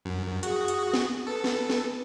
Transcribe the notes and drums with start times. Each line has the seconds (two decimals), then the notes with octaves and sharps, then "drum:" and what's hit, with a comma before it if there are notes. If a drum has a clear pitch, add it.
0.05 F#2
0.43 F#4 G#4, drum: hi-hat
0.68 drum: hi-hat
0.94 drum: snare
1.27 A4 B4
1.44 drum: snare
1.70 drum: snare